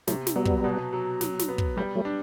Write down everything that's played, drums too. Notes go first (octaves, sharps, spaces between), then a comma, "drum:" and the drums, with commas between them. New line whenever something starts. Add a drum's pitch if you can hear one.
C3 F#3 A3, drum: snare
drum: snare
F#3 G3 B3
drum: kick
B2
F#3
F#3, drum: snare
drum: snare
B3
drum: kick
F#3 G3 A3
F#3 A3
D4